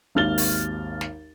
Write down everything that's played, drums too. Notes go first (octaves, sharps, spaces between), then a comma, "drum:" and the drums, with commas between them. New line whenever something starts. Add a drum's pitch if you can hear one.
G#1 D#2 F6 A6 G7
drum: open hi-hat
drum: snare